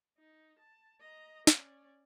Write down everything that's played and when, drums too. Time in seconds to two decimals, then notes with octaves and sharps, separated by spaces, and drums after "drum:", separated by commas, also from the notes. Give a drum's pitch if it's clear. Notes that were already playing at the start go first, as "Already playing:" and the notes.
0.18 D#4
0.59 A5
1.00 D#5 A#5
1.47 C#4 D5, drum: snare